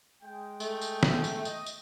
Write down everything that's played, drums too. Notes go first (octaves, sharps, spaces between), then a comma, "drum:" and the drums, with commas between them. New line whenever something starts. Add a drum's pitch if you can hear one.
G#3 G5
A3, drum: tambourine
drum: tambourine
drum: snare
drum: tambourine
D#5, drum: tambourine
drum: tambourine